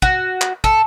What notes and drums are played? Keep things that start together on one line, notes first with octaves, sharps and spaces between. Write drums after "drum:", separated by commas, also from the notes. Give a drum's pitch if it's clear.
F#4, drum: kick
drum: clap
A4, drum: kick